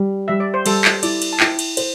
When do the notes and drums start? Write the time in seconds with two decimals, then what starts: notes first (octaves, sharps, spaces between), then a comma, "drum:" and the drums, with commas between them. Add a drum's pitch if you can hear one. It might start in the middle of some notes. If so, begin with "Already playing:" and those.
Already playing: G3
0.28 G3 E5
0.40 D5
0.54 C5
0.66 G3 A4, drum: cymbal
0.85 drum: clap
1.03 E4 D5, drum: cymbal
1.22 drum: cymbal
1.33 A5
1.40 E4 G5, drum: clap
1.59 drum: cymbal
1.77 C5, drum: cymbal